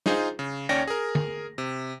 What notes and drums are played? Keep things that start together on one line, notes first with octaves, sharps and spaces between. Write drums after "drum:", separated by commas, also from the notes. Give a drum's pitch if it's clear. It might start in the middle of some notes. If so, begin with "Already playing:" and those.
D#4 F4 G#4 C5, drum: snare
C#3
D#2 C#4 C#5 D5 G5 A#6
G#4 A#4
drum: tom D3
C3